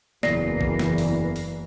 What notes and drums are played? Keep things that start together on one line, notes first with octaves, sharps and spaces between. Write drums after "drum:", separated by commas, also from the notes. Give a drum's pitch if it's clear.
F#1 E2 E3 A#3 D5 A#6 C7, drum: snare
drum: kick
drum: snare
drum: open hi-hat
drum: open hi-hat